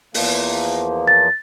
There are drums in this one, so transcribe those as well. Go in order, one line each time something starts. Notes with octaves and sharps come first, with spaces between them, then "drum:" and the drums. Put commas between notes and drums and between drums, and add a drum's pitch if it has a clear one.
E2 F3 A#3, drum: open hi-hat
A6